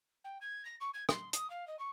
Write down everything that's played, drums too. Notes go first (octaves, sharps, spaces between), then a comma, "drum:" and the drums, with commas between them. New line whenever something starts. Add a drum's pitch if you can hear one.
G5
G#6
A#6
C#6
G#6
C6, drum: rim click
D#6, drum: hi-hat
F5
D#5
C#6